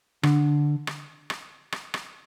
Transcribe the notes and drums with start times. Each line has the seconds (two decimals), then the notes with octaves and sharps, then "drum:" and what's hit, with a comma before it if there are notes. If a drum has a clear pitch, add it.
0.23 D3, drum: rim click
0.87 drum: rim click
1.30 drum: rim click
1.72 drum: rim click
1.94 drum: rim click